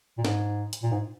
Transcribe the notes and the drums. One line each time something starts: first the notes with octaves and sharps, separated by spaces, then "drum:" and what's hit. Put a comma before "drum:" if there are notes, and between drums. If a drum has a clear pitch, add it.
A#2
G#2, drum: snare
drum: hi-hat
A#2
G#2